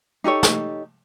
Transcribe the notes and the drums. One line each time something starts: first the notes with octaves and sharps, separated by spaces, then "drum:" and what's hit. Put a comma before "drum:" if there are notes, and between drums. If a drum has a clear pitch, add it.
D#4 G4 A4 C#5
drum: snare